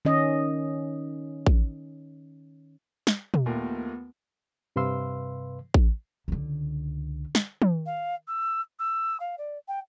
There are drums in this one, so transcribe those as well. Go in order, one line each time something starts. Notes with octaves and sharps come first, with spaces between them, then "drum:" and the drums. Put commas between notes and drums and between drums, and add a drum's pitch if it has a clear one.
D#3 C#4 D#5
drum: kick A1
drum: snare
drum: tom
D#2 A3 B3 F4 A#4
G2 C3 B4 F5 C6 E6
drum: kick A1
C#2 D3
drum: snare
drum: tom
F5
E6
E6
F5
D5
G5